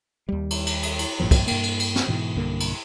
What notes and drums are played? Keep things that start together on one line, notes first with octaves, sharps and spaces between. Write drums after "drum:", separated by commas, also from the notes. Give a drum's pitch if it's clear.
D#2 G3
drum: cymbal
drum: cymbal
drum: cymbal
drum: cymbal
G#1 G2 A#2 F3
drum: kick, cymbal
G2 A#3, drum: cymbal
drum: cymbal
drum: cymbal
drum: snare
G#2 B2 E3
B1 G2 D3 A#3
drum: cymbal